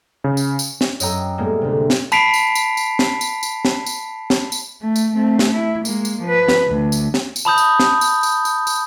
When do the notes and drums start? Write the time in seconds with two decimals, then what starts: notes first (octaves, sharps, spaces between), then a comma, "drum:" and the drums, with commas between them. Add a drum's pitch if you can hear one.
0.24 C#3
0.37 drum: tambourine
0.59 drum: tambourine
0.81 drum: snare
1.00 F#2 D#5 G5 A#5 E6, drum: tambourine
1.38 A2 G3 G#3 A#3 B3
1.62 D2 C3
1.90 drum: snare
2.12 A5 B5 B6 C7 D7 F7, drum: tambourine
2.34 drum: tambourine
2.55 drum: tambourine
2.77 drum: tambourine
2.99 drum: snare
3.21 drum: tambourine
3.43 drum: tambourine
3.65 drum: snare
3.86 drum: tambourine
4.30 drum: snare
4.52 drum: tambourine
4.82 A3
4.96 drum: tambourine
5.14 A3 C4
5.39 drum: snare
5.54 E4
5.85 G#3 A#3, drum: tambourine
6.05 drum: tambourine
6.23 F3 B4
6.49 drum: snare
6.67 D2
6.92 drum: tambourine
7.14 drum: snare
7.36 drum: tambourine
7.45 A5 B5 D#6 G6
7.58 drum: tambourine
7.80 drum: snare
8.01 drum: tambourine
8.23 drum: tambourine
8.45 drum: tambourine
8.67 drum: tambourine